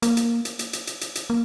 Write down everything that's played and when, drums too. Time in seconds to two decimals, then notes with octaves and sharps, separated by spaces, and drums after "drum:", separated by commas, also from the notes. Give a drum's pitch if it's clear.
0.02 A#3, drum: hi-hat
0.17 drum: hi-hat
0.45 drum: hi-hat
0.59 drum: hi-hat
0.73 drum: hi-hat
0.87 drum: hi-hat
1.01 drum: hi-hat
1.15 drum: hi-hat
1.30 A#3